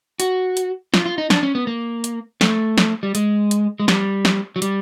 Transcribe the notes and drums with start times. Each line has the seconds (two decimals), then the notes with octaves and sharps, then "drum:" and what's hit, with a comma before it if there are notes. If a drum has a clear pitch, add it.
0.20 F#4, drum: hi-hat
0.57 drum: hi-hat
0.94 F4, drum: snare
1.06 F4
1.18 D#4
1.30 D4, drum: snare
1.43 C#4
1.55 B3
1.67 A#3
2.04 drum: hi-hat
2.41 A3, drum: snare
2.78 drum: snare
3.03 G3
3.15 G#3, drum: hi-hat
3.51 drum: hi-hat
3.80 G#3
3.88 G3, drum: snare
4.25 drum: snare
4.56 F#3
4.62 G3, drum: hi-hat